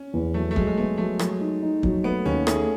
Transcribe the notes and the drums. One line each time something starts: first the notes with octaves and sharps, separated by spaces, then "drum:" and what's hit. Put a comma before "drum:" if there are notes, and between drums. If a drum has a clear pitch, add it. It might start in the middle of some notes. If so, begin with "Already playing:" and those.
Already playing: C#4
E2
F#3 A3
A3
F#3 G#3, drum: kick
G#3
A3 B3
F#3 A3
F#3, drum: rim click
D#4
D#4
F#3, drum: kick
A3 B3
D#2 C#4
A3 G#4, drum: rim click